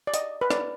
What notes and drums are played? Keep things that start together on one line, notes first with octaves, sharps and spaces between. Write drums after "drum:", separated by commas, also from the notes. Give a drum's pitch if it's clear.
D5
D#5, drum: hi-hat
B4
D5, drum: rim click